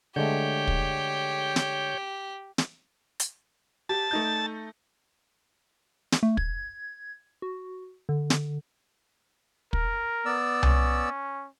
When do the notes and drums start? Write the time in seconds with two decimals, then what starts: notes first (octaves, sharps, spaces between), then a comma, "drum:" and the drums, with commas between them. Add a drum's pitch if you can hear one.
0.16 D3 G#3 A3 G4 C#5 G6
0.68 drum: kick
1.56 drum: snare
2.58 drum: snare
3.20 drum: hi-hat
3.89 G4 A5
4.11 A3 D#4 G6
6.12 drum: snare
6.23 A3
6.37 G#6, drum: kick
7.42 F#4
8.09 D3
8.30 drum: snare
9.73 A#4, drum: kick
10.25 B3 D5 E6
10.63 C#4, drum: tom C2